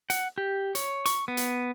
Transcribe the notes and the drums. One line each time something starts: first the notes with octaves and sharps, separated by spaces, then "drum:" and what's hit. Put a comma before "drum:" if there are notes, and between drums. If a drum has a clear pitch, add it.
F#5, drum: hi-hat
G4
C#5, drum: hi-hat
C#6, drum: hi-hat
B3
drum: hi-hat